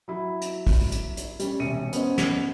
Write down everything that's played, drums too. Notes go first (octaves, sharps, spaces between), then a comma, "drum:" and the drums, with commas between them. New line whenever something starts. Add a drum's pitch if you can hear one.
F#3 E4
drum: hi-hat
drum: kick, open hi-hat
drum: hi-hat
drum: hi-hat
G3 C#4, drum: hi-hat
E1 C2 C#7 D#7
B3 C#4 C5 D#5, drum: hi-hat
drum: snare